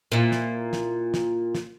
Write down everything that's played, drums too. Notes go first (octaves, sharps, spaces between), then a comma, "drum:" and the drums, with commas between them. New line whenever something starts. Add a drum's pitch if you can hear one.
A#2 E4
drum: snare
drum: snare
drum: snare
drum: snare